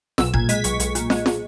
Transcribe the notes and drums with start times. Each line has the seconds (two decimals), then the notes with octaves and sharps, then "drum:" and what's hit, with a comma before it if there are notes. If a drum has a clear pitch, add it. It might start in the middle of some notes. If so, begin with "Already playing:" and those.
0.18 B1 E6, drum: snare
0.34 A#2 G#6, drum: kick G#1
0.49 G#3 B6, drum: hi-hat
0.64 B1 C#6, drum: hi-hat
0.80 B1, drum: hi-hat
0.95 A#2, drum: hi-hat
1.10 G#3, drum: snare
1.26 drum: snare